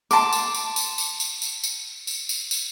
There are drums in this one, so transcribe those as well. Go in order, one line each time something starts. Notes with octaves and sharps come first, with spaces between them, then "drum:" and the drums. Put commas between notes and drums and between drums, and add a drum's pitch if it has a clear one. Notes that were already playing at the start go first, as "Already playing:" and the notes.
A5 C6 D6, drum: tambourine
drum: tambourine
drum: tambourine
drum: tambourine
drum: tambourine
drum: tambourine
drum: tambourine
drum: tambourine
drum: tambourine
drum: tambourine
drum: tambourine